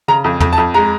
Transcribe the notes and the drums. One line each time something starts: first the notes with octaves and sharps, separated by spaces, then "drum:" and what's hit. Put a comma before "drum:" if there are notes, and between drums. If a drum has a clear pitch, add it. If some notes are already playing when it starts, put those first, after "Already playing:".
C#3 A#5
F2
F2, drum: tom
A5
F2
G#3 A#5